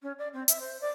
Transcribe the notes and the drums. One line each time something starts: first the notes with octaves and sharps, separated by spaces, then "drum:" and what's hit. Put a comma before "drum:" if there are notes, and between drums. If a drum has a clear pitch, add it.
C#4
D5
C4
E5, drum: hi-hat
C5
D5